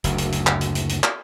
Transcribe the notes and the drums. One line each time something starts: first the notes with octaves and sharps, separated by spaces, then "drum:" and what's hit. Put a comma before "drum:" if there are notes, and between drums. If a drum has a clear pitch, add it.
F#1 D2, drum: hi-hat
drum: hi-hat
drum: hi-hat
drum: clap
drum: hi-hat
drum: hi-hat
drum: hi-hat
drum: clap